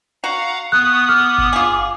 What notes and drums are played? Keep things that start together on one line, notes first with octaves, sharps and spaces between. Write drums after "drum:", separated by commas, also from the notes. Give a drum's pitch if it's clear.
F#4 F5 F#5 A#5
B3 C#6 D#6 F#6
D6 F6
drum: kick G1
F4 G#4